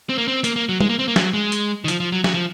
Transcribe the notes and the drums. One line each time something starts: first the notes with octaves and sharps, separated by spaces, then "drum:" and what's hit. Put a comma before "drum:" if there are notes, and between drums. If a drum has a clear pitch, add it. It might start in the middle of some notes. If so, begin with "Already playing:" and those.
C4
A#3
C4
A#3, drum: hi-hat
A#3
F#3
G#3, drum: tom G3
A#3
C4
A#3
F#3, drum: snare
G#3
drum: hi-hat
D#3
F3, drum: hi-hat
F3
F#3
F#3, drum: snare
F3